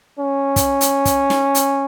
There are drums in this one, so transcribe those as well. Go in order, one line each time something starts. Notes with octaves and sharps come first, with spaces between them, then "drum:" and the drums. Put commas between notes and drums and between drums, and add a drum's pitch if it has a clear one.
C#4
drum: kick, hi-hat
drum: hi-hat
drum: kick, hi-hat
drum: snare
drum: hi-hat